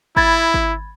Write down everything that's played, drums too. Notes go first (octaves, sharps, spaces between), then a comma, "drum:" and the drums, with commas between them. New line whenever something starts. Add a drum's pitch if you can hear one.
E4 B5 G#6 A6, drum: kick G#1
drum: kick G#1